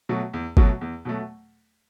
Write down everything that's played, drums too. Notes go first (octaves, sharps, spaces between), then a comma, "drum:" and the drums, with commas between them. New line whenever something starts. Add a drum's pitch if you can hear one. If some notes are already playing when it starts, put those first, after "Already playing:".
B2 F#3 A3
E2
B2 F#3 A3, drum: kick G1
E2
B2 F#3 A3